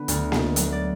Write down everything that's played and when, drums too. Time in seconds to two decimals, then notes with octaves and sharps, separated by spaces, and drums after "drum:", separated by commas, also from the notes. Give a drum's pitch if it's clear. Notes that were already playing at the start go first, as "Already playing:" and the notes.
Already playing: D3 B3
0.08 D2, drum: hi-hat
0.32 G#3, drum: snare A#3
0.56 F#3, drum: hi-hat
0.72 D5